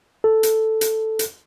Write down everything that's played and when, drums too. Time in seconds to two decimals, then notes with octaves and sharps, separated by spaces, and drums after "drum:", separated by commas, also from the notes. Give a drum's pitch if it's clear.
0.24 A4
0.43 drum: hi-hat
0.81 drum: hi-hat
1.19 drum: hi-hat